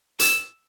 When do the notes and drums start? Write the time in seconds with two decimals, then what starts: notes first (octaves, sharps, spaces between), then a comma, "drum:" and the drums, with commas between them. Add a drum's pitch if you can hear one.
0.19 E6, drum: hi-hat